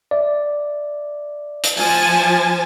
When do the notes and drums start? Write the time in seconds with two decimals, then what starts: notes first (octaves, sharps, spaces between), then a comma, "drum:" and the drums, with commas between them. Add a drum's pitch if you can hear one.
0.11 D5 E5
1.64 drum: hi-hat
1.77 F3 G#5 A5, drum: open hi-hat